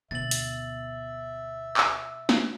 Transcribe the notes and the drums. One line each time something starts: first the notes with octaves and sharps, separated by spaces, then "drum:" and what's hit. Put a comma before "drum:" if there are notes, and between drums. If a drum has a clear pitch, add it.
D2 B2 B3 E5 A6 F#7
drum: hi-hat
drum: clap
drum: snare